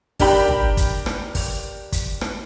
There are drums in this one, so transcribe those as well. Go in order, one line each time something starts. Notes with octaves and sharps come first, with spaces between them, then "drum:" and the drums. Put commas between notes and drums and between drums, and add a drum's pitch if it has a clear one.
D4 G4 A#4 G5 B5, drum: kick, open hi-hat
drum: tom A1
drum: kick, hi-hat
drum: rim click
drum: kick, open hi-hat
drum: kick, hi-hat
drum: rim click